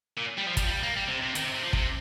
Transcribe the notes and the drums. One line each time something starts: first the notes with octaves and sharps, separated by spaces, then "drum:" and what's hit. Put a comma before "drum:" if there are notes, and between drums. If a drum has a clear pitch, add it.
A#2
G3
F3
G3, drum: kick, hi-hat
F3
G3
A#3
G3
C3
C3
D#3, drum: hi-hat
C3
C3
F3
C3, drum: kick